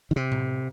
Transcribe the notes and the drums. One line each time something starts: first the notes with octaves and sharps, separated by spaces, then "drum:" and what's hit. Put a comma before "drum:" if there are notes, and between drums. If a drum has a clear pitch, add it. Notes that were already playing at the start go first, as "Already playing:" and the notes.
D#3
C3
drum: tom A2